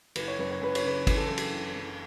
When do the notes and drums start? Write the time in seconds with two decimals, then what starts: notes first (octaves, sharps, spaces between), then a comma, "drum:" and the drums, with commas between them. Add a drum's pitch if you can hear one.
0.16 F#1 B4, drum: cymbal
0.28 C#5
0.39 F#2 B4
0.51 C#5
0.61 F#2 B4
0.75 C#5, drum: cymbal
0.84 C#3 B4
1.07 E3 B4, drum: kick, cymbal
1.17 A4
1.27 F#2 B4
1.38 drum: cymbal
1.53 F#1
1.76 F#2